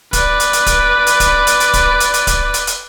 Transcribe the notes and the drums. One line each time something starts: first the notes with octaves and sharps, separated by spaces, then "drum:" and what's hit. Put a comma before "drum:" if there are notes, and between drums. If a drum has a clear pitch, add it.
B4 D5, drum: kick, hi-hat
drum: hi-hat
drum: hi-hat
drum: kick, hi-hat
drum: hi-hat
drum: kick, hi-hat
drum: hi-hat
drum: hi-hat
drum: kick, hi-hat
drum: hi-hat
drum: hi-hat
drum: kick, hi-hat
drum: hi-hat
drum: hi-hat